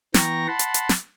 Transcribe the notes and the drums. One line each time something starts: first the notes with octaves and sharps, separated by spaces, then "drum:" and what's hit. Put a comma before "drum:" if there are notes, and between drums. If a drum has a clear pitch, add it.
E3 B3 G5 A#5 C#6 A#6, drum: snare
F#5 A5 B5 C6
drum: hi-hat
drum: hi-hat
drum: snare